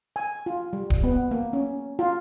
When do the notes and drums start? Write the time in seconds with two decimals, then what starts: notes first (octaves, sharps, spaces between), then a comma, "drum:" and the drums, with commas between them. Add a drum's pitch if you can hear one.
0.16 G#5
0.46 F4
0.73 G3
0.90 drum: kick D1
1.04 B3
1.31 A#3
1.53 C#4
1.99 F4